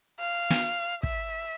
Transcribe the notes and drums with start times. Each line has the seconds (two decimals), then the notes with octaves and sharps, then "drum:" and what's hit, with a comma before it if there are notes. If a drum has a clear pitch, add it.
0.20 F5
0.50 drum: snare
1.03 E5, drum: kick